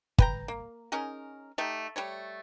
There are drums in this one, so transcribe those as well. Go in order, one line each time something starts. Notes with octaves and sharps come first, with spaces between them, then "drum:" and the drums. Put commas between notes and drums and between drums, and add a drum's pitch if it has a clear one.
B4 G5 A#5, drum: kick
A#3
C#4 D#4 G#4 A#4
A3 D#4 G4
G3 A3 C#5